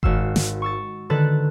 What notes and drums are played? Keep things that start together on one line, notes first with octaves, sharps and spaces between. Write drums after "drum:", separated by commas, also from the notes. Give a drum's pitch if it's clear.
G#1 F#4 F5 E6 C7, drum: kick F#1
drum: snare
C#6 E6 A6
D3 D#3 A4 B4 F#6 A6